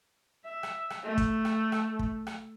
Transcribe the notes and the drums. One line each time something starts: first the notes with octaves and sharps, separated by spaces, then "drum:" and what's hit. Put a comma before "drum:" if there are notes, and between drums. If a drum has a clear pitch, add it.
E5
drum: rim click
drum: rim click
A3
drum: kick, hi-hat
drum: rim click
drum: rim click
drum: kick
drum: rim click